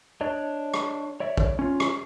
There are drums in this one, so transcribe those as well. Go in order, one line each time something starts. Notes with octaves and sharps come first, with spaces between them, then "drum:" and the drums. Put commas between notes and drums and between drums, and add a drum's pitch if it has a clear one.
D4 C#5 D#5
drum: rim click
C#5 D5 E5
drum: kick
C#4 F4
drum: rim click